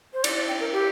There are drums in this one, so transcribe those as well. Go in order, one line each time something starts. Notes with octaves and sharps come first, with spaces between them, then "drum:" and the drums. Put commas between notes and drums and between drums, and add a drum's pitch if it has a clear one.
C5
D5, drum: cymbal
D5
G5
A#4
G4